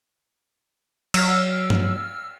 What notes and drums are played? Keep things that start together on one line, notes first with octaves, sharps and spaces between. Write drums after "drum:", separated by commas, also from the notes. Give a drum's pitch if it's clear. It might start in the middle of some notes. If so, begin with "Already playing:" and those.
F#3 E6 F6, drum: cymbal
drum: tom G2